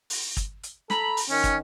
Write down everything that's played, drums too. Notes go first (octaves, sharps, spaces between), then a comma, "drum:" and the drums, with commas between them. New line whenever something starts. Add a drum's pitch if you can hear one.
drum: open hi-hat
drum: kick, hi-hat
drum: hi-hat
A4 A#5 B5, drum: snare
drum: open hi-hat
D#3 C#4
drum: kick, hi-hat